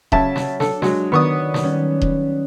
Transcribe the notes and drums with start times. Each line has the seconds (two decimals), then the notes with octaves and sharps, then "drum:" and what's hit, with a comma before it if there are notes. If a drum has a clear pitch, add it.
0.12 C#3 F#3 E5 A5 G#6, drum: kick D#1
0.36 drum: snare
0.60 D4 A4, drum: snare
0.82 F#3 G#3, drum: snare
1.12 D#3 F#3 B3 D5 C#6 D#6
1.54 drum: snare
1.64 G3 C#4
2.02 drum: kick D#1